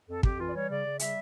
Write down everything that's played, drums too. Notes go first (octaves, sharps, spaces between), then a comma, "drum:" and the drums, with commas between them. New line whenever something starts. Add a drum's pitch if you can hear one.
F2 A4
F2 G4, drum: kick
E3 F4
D5
G3 C#5
C#3 D5
C#3
G3 E5, drum: hi-hat